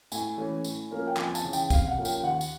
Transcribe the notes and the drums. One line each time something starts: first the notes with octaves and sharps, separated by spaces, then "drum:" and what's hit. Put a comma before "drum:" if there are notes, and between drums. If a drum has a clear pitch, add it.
A2 G#5, drum: tambourine
E3 A3 C#4
A2, drum: tambourine
F3 A#3 C#4
G5
F2 G#5, drum: clap
A5, drum: tambourine
C#3 E3
G5, drum: tambourine
C3 F5, drum: kick, tambourine
F#5
F3 A#3 C#4
G5, drum: tambourine
D#2 F#5
drum: tambourine